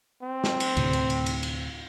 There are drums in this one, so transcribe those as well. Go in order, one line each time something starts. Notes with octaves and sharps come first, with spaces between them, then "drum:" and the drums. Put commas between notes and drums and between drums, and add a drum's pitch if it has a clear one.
C4
drum: snare
drum: cymbal
D2 A2 C3, drum: cymbal
drum: cymbal
drum: cymbal
drum: cymbal
drum: cymbal